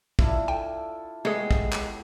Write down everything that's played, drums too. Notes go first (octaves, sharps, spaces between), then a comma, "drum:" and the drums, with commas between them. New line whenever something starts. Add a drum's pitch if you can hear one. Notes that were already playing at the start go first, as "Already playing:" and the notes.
D4 E4 F4, drum: kick
A4 G5
G#3 A3 B3 G4 G#4 C#5
drum: kick
drum: clap